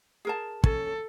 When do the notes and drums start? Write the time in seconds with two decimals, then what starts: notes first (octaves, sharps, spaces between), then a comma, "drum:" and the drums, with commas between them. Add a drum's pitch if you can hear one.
0.25 G#4 A#4 A5
0.64 C#4 A4, drum: kick